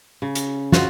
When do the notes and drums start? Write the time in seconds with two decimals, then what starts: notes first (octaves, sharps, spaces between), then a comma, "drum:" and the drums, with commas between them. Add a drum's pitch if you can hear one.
0.22 C#3
0.35 drum: hi-hat
0.72 F4 F#4 F5, drum: snare